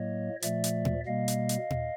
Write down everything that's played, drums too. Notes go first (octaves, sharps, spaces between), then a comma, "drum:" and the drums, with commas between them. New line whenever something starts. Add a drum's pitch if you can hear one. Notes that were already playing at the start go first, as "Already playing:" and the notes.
Already playing: A2 F#3 A#3 C#5 D#5
A#2 F3 A3 D5 E5, drum: hi-hat
drum: hi-hat
drum: tom A#2
B2 G3 A#3 D#5 F5
drum: hi-hat
drum: hi-hat
drum: tom A#2